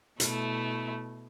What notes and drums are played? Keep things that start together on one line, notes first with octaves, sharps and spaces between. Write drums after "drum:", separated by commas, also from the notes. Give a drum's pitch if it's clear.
B2 A3 E4, drum: hi-hat